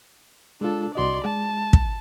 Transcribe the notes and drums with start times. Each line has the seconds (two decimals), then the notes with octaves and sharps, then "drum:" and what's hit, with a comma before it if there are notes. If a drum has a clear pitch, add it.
0.61 G#3 D4 F4 A4
0.95 C2 F#4 D5 D#5 C6
1.25 G#3 A5
1.73 drum: kick